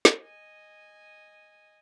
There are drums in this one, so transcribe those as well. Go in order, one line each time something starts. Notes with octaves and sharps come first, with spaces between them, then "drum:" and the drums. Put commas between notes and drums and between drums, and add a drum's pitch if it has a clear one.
drum: snare
D#5 G#5